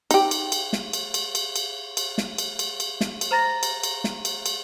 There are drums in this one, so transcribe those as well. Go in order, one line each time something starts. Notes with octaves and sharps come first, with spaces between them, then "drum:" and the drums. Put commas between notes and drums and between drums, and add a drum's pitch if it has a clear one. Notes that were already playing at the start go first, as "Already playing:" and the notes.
D#4 G4, drum: cymbal
drum: cymbal
drum: cymbal
drum: snare
drum: cymbal
drum: cymbal
drum: cymbal
drum: cymbal
drum: cymbal
drum: snare
drum: cymbal
drum: cymbal
drum: cymbal
drum: snare
drum: cymbal
C5 A#5 A6 A#6
drum: cymbal
drum: cymbal
drum: snare
drum: cymbal
drum: cymbal